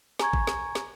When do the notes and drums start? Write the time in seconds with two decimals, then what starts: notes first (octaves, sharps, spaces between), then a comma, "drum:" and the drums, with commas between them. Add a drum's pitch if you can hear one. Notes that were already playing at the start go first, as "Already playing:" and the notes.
0.19 G#5 A#5 C#6 G#6, drum: snare
0.33 drum: kick G#1
0.47 drum: snare
0.75 drum: snare